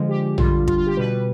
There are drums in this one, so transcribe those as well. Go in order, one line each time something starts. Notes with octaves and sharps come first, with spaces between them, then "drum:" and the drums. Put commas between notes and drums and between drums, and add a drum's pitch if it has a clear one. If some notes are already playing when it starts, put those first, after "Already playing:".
Already playing: D3 F3 G#3
G4
D3 G3 F4, drum: tom A#1
F4, drum: kick
F4
G4
B2 G3 B4